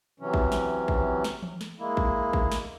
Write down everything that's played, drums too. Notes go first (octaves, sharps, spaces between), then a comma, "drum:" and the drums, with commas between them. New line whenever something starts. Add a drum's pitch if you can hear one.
C3 E3 F#3 C#4
drum: kick
drum: snare
drum: kick
drum: snare
drum: tom E3
drum: snare
G#3 A#3 E4
drum: kick
drum: kick
drum: snare